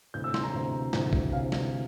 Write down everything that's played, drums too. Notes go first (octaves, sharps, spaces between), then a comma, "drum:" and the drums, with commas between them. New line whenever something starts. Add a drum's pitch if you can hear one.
D2 C3 E3 G6
E6
C6, drum: snare
A#5
D2 C3 E3
D2 C3 E3, drum: snare
drum: kick A1
C3 E3 F5
drum: snare